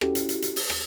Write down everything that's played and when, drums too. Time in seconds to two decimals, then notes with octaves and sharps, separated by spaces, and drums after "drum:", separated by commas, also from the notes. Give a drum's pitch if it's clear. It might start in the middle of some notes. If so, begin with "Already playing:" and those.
0.01 C#4 E4 F#4 G4 A4, drum: rim click
0.15 drum: hi-hat
0.29 drum: hi-hat
0.42 drum: hi-hat
0.56 drum: open hi-hat
0.70 drum: rim click